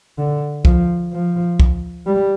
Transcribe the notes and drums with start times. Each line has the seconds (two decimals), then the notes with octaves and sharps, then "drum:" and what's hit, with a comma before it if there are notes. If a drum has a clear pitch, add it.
0.18 D3
0.65 F3, drum: kick B1
1.13 F3
1.60 drum: kick B1
2.06 G3